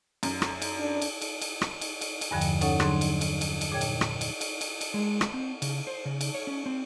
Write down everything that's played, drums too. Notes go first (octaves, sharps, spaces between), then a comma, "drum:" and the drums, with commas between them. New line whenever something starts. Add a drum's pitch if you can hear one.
F#2, drum: cymbal
drum: rim click
drum: cymbal
D4
drum: cymbal
drum: cymbal
drum: cymbal
drum: rim click
drum: cymbal
drum: cymbal
drum: cymbal
E2 G2 D3 F3 G5
drum: cymbal
C#4 D#4 A4 C#5 F#5, drum: cymbal
D3 F#3 D4 G#4 C6, drum: rim click
drum: cymbal
drum: cymbal
drum: cymbal
drum: cymbal
A#2 G#4 C#5 G5 G#6
drum: cymbal
drum: rim click
drum: cymbal
drum: cymbal
drum: cymbal
drum: cymbal
G#3
drum: rim click
C4
C#3, drum: cymbal
C5
C#3
drum: cymbal
C#5
C#4
C4